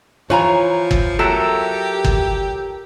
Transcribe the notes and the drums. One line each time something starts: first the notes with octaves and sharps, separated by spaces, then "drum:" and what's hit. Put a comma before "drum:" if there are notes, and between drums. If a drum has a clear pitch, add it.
E3 F3 F4 C#5 G#5 A#5
drum: kick
F#3 G4 A4 A#4 E5
drum: kick